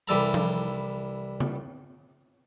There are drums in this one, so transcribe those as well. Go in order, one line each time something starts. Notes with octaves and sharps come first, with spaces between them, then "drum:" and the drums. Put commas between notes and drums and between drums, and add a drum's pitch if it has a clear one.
C2 E3 G3 A4 A#5
drum: tom F3
drum: tom C#3